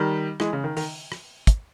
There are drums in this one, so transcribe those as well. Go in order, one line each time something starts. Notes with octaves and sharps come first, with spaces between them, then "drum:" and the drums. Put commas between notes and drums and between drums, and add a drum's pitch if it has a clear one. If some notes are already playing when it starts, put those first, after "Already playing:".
Already playing: D#3 G3
E3 G#3, drum: rim click
C#3
D#3
D#3, drum: open hi-hat
drum: rim click
drum: kick, hi-hat